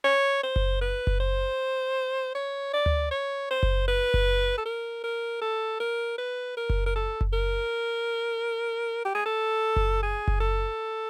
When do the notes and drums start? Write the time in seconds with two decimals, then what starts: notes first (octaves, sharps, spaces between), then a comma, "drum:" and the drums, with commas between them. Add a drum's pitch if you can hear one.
0.04 C#5
0.43 C5
0.56 drum: kick F#1
0.81 B4
1.07 drum: kick F#1
1.20 C5
2.35 C#5
2.73 D5
2.86 drum: tom D2
3.11 C#5
3.50 C5
3.63 drum: kick F#1
3.88 B4
4.14 drum: kick F#1
4.58 A4
4.65 A#4
5.04 A#4
5.42 A4
5.80 A#4
6.18 B4
6.57 A#4
6.70 drum: kick F#1
6.86 A#4
6.95 A4
7.21 drum: kick F#1
7.33 A#4
9.05 G4
9.15 G#4
9.26 A4
9.76 drum: kick F#1
10.03 G#4
10.28 drum: kick F#1
10.40 A4